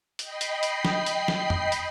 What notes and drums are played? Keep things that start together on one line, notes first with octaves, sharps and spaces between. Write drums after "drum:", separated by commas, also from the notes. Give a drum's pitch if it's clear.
D#5 G5 B5 C7, drum: hi-hat
drum: hi-hat
drum: hi-hat
drum: snare
drum: hi-hat
drum: snare
drum: tom F2
drum: hi-hat